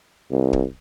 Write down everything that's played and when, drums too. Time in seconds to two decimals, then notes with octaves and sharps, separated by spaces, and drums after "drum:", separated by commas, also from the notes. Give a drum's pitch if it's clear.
0.31 C2
0.53 drum: kick